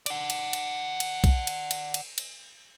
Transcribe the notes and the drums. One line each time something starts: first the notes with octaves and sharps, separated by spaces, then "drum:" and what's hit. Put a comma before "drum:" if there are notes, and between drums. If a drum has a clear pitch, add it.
D5 F#5, drum: cymbal
drum: cymbal
drum: cymbal
drum: cymbal
drum: kick, cymbal
drum: cymbal
drum: cymbal
drum: cymbal
drum: cymbal